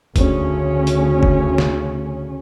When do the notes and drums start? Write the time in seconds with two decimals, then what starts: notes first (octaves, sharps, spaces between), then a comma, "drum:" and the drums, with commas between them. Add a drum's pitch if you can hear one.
0.16 D2 C#3 C#4, drum: kick F#1, hi-hat
0.87 drum: hi-hat
1.23 drum: kick F#1
1.58 drum: snare